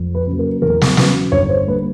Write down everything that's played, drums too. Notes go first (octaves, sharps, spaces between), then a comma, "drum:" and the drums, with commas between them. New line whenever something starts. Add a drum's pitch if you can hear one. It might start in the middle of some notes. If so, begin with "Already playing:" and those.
Already playing: F2
B4
C#3 F#3 A#3
A#4
E2 A#4
drum: snare
C#3 F#3 B4, drum: snare
G1 C#5
C5
D3 G3 A#3 B4